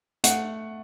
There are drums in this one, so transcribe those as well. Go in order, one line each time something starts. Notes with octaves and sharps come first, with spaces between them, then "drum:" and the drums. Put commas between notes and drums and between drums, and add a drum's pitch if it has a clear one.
A3 F#5, drum: hi-hat